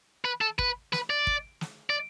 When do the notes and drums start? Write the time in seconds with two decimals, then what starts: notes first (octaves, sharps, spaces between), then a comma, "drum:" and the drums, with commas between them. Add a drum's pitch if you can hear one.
0.25 B4
0.41 A4
0.59 B4, drum: kick
0.93 B4, drum: snare
1.10 D5
1.27 drum: kick
1.61 drum: snare
1.90 D5